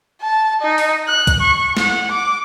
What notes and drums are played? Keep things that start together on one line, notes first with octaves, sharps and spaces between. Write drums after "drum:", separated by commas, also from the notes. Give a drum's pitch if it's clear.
A5
D#4
drum: open hi-hat
F#6
drum: kick C2, hi-hat
C#6
F#5, drum: snare
D6